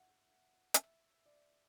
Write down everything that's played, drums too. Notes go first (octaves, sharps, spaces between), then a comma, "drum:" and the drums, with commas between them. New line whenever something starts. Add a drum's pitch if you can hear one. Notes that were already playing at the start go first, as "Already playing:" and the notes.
Already playing: E5 F#5
E5, drum: hi-hat
D5